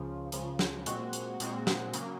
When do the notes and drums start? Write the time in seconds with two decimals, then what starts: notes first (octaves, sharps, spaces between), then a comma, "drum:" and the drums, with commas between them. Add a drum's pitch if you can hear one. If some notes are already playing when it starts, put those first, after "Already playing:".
Already playing: C#2 C#3 F3
0.32 C#2 C#3 F3, drum: hi-hat
0.59 drum: snare
0.86 A#2 G#3 C4 F#4, drum: hi-hat
1.13 drum: hi-hat
1.40 A#2 G#3 C4 F#4, drum: hi-hat
1.67 drum: snare
1.93 C#3 F#3 A#3, drum: hi-hat